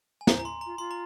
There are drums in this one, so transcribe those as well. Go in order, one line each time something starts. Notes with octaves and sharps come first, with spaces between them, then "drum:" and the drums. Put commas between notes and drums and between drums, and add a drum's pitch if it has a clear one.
G#5
C5 A#5, drum: snare
A#5
C6
A#5
F4
F4 C6
A#5